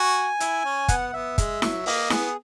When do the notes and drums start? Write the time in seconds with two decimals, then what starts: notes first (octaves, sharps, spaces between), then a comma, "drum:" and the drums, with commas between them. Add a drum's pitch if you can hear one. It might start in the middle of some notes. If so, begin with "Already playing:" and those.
Already playing: F#4 G#5
0.40 E4, drum: hi-hat
0.64 C#4
0.88 B3 F#5, drum: kick, hi-hat
1.13 B3 E5
1.38 G#3, drum: kick, hi-hat
1.62 F#3, drum: snare E4
1.86 A#3 D#5, drum: open hi-hat
2.10 B3 G#4, drum: snare E4